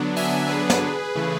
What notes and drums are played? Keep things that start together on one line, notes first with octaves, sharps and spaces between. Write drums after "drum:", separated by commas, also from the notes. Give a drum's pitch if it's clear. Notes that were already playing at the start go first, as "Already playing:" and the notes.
Already playing: D3 F#3 B3 D4
E5 G#5, drum: open hi-hat
G#4 B4
drum: snare
C#3 E3 A3